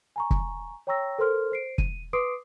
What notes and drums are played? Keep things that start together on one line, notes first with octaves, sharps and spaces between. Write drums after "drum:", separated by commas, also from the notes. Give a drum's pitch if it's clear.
G#5 A#5 C#6
drum: kick
C#5 G5 A#5 C#6 E6 A#6
A4 A#4 C5 C6 F6
C5 C7 D7
D#7, drum: kick
B4 C6 D6 D#6 C7 D7